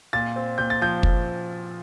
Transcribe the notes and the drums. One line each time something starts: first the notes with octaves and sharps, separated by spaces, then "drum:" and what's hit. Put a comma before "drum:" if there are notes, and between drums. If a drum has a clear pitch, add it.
A#2 A6
C4
A#2 G6
A6
F3 G6
drum: kick